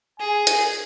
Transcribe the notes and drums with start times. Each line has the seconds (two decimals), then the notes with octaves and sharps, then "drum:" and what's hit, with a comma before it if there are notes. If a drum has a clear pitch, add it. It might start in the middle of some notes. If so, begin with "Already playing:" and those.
0.19 G#4 G#5
0.47 drum: hi-hat